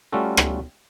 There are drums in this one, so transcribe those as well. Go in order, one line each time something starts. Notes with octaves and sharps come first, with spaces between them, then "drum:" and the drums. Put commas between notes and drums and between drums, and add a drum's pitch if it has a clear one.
G3 A3 C#4 F4 F#4 A4
drum: rim click